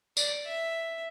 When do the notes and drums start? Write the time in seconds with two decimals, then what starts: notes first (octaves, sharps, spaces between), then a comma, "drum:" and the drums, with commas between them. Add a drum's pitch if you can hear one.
0.17 D5, drum: tambourine
0.46 E5